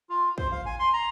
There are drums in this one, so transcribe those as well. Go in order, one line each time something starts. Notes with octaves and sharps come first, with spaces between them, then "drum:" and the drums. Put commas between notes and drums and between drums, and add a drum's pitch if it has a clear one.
F4
C5, drum: kick
F5
G#5
C6
A#5